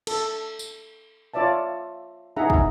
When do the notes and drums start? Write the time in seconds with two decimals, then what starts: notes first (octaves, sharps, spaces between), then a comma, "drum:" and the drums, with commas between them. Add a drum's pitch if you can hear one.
0.07 A4, drum: cymbal
0.59 drum: tambourine
1.34 F4 C#5 D5 E5 A5
2.36 D#4 E4 G#4 E5 F#5 A#5
2.50 drum: kick